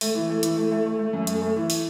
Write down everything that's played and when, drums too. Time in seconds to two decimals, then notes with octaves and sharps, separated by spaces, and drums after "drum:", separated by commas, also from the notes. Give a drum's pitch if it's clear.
0.01 A3, drum: open hi-hat
0.15 E3
0.30 A3
0.43 E3, drum: hi-hat
0.57 A3
0.71 A3
0.86 A3
0.99 A3
1.13 F#2
1.27 A3, drum: hi-hat
1.42 A3
1.56 E3
1.70 drum: open hi-hat